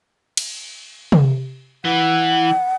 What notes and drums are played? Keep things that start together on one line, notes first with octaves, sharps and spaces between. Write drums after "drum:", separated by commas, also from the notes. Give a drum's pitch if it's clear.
drum: cymbal
drum: tom
E3 F#5